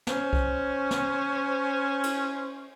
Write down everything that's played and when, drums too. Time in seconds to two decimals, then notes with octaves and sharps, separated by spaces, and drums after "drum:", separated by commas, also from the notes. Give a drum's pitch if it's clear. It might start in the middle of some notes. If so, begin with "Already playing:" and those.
0.07 C#4 C5, drum: snare
0.33 drum: kick C2
0.91 drum: snare
2.03 drum: cymbal